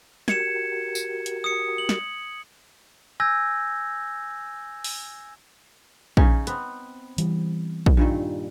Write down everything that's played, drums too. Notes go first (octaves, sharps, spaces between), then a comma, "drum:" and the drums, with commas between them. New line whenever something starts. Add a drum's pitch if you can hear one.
F#4 G4 A#4 G#6 C#7 E7, drum: snare
drum: tambourine
drum: hi-hat
D#6 C#7
F#7
drum: snare
G#5 E6 G6 G#6 A#6
drum: open hi-hat
C#3 C#4 D#4, drum: kick A#1
B3 C4, drum: hi-hat
E3 G3, drum: hi-hat
drum: kick A#1
G2 A#2 D#3